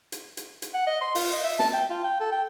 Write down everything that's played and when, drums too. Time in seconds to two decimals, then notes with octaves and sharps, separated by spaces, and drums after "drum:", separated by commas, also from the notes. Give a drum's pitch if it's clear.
0.12 drum: hi-hat
0.37 drum: hi-hat
0.62 drum: hi-hat
0.74 F#5
0.87 D#5
1.01 C6
1.15 F4, drum: open hi-hat
1.33 D#5
1.44 E5
1.59 A5, drum: snare
1.73 G5
1.90 F4
2.04 G5
2.20 A4
2.32 G5